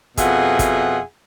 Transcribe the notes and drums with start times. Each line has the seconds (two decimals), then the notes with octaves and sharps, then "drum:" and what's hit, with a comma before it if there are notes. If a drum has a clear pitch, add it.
0.17 F2 B2 F4 G#4 E5 F#5, drum: kick, hi-hat
0.59 drum: kick, hi-hat